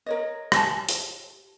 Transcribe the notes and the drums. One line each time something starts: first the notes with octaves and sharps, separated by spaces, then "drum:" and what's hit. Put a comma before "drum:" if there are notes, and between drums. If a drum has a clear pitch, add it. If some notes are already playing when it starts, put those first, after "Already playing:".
A#4 C#5 D#5
G4 G#5 A5, drum: rim click
drum: hi-hat